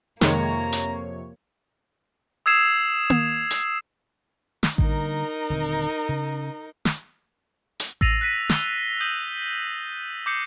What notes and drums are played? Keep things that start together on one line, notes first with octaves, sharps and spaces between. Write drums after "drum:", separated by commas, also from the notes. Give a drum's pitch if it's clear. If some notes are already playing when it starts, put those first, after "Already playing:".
F2 C3 D#3 G#3 A#3 C#5 A#5, drum: snare
drum: hi-hat
D#6 E6 G#6 C7 E7 F7
drum: tom A#3
drum: hi-hat
drum: snare
D3 G3 A#3 D#4 A#4, drum: kick A1
D#1 D3 C4
C#3
drum: snare
drum: hi-hat
E6 A6 A#6 C7 D#7 F7, drum: kick A1
F#6 A#6 B6 D#7
A6 G7, drum: snare
D#6 G6 D#7 F#7
D6 D#6 G6 C7 C#7